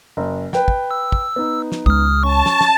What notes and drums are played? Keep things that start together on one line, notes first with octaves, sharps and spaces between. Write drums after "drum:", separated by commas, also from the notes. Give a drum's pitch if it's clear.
F#1
B4 G5, drum: snare
drum: kick
E6
drum: kick
B3 D#4
drum: snare
C#2 G#3 D#6 F6, drum: kick
C#4 A5 C#6
drum: snare
drum: snare